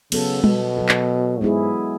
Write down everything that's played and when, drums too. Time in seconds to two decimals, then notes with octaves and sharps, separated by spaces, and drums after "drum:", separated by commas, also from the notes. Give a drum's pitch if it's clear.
0.12 C#3 F#3 B3 F#4 A4, drum: cymbal
0.44 B2, drum: tom G3
0.77 F#3 B3 F#4 A4
0.89 drum: clap
1.41 G#2 G#3 B3 E4 G#4